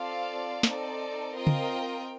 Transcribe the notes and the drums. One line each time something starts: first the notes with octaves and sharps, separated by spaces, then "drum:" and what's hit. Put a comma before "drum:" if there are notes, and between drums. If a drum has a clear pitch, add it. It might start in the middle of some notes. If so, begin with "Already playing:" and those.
Already playing: C4 F4 A4 D5 F5
C4 D#4 A4 D5, drum: snare
C4 F4 A#4 D#5 G5
drum: tom C#3